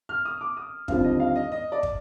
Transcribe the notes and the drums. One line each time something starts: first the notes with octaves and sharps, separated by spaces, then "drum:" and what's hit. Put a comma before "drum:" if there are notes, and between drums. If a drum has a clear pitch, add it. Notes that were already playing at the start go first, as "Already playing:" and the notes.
F6
D#6
D6
D#6
D#2 D3 G3 C4 F4 F5, drum: kick
D#5
F5
D#5
D#5
D5
drum: kick